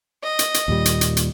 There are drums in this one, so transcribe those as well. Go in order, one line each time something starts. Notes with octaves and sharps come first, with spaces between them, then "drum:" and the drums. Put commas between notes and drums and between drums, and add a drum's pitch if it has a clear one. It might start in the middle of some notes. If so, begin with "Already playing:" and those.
D#5
drum: hi-hat
drum: hi-hat
D#2 A#2 G3
drum: hi-hat
drum: hi-hat
drum: hi-hat